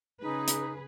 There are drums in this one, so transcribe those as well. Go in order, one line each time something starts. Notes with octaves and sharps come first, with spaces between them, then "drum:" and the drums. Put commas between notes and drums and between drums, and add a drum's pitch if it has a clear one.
C#3 D#4 G#4 B4
drum: hi-hat